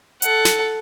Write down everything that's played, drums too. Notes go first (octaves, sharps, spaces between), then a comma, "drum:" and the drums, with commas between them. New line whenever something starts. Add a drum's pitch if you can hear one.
A4 F#5, drum: hi-hat
drum: snare